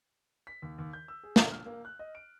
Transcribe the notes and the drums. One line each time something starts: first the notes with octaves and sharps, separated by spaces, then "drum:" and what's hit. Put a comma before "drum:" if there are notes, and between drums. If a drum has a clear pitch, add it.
B6
D#2
D#2
G6
E6
G#4
A#1, drum: snare
F6
A#3
F#6
D#5
D7